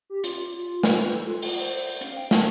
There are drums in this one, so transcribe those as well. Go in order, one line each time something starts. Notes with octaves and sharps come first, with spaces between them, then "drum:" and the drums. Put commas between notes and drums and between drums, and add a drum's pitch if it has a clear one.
G4
F4, drum: hi-hat
F4
F4, drum: snare
C5
B4
A4
F4
drum: open hi-hat
C5
F5, drum: hi-hat
G5
A5, drum: snare